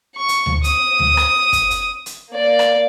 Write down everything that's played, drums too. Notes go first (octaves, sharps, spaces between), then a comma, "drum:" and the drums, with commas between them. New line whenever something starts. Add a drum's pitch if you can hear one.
C#6
drum: hi-hat
drum: tom D2
D#6, drum: hi-hat
drum: tom D2
drum: rim click
drum: kick, hi-hat
drum: hi-hat
drum: hi-hat
A#3 D5
drum: rim click